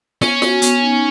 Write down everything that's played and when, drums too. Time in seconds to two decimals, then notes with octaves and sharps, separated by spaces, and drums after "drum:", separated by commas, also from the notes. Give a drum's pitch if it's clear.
0.21 B3 C#4, drum: snare
0.42 F#4, drum: snare
0.62 B3, drum: hi-hat
0.82 D#4